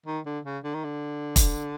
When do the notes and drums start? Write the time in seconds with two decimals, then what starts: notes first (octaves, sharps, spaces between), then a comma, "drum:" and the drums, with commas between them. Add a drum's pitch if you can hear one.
0.06 D#3
0.26 D3
0.45 C#3
0.64 D3
0.74 D#3
0.85 D3
1.36 drum: kick, hi-hat